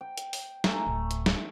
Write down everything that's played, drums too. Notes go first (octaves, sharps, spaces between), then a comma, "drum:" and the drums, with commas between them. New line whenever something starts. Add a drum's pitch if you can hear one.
G5
drum: hi-hat
drum: open hi-hat
A3 G#5 A#5, drum: snare
D1 A2
drum: hi-hat
drum: snare